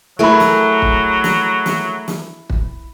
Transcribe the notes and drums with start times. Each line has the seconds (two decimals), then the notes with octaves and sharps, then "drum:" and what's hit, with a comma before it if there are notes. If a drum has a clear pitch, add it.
0.19 F#3 A3 E4 G#4 A#4 B5
0.40 drum: snare
0.82 drum: kick
1.24 drum: snare
1.66 drum: snare
2.08 drum: snare
2.50 drum: kick